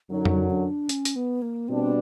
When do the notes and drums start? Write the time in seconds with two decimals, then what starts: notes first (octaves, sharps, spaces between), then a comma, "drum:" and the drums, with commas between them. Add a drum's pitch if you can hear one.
0.11 F#2 D3 F#3 D#4
0.25 drum: tom F2
0.51 D4
0.89 C#4, drum: hi-hat
1.05 drum: hi-hat
1.16 B3
1.42 A#3
1.68 B2 G3 C4 D4